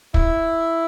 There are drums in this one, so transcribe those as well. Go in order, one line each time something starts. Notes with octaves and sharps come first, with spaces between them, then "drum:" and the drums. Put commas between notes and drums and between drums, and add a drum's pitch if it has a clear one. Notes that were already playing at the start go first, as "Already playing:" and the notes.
E4, drum: kick